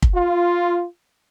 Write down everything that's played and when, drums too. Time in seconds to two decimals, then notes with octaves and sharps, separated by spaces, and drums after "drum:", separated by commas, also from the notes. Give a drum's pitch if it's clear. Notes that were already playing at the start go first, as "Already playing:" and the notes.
0.02 drum: kick
0.15 F4